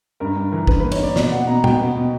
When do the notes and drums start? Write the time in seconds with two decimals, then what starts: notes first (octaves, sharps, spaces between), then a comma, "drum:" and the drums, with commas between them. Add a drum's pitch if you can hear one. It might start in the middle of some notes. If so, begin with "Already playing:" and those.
0.20 G2 A#4
0.36 G2
0.52 E3 A#4
0.67 G2 B4, drum: kick
0.80 B4
0.84 A#3
0.92 C#5, drum: cymbal
0.99 A#3 D5
1.16 B2 D5, drum: snare
1.31 B3 F#5
1.47 B2 A#5
1.64 B2 G5, drum: tom A#2
1.79 B3
1.96 B2